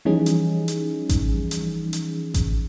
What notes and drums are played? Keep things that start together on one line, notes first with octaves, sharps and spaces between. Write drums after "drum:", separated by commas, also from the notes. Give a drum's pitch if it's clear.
E3 F3 G3 C#4 D#4 G#4
drum: hi-hat
drum: hi-hat
drum: kick A1, hi-hat
drum: hi-hat
drum: hi-hat
drum: kick A1, hi-hat